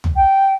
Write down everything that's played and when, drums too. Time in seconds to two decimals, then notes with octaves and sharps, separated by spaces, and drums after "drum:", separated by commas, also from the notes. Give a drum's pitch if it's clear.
0.04 drum: tom
0.16 G5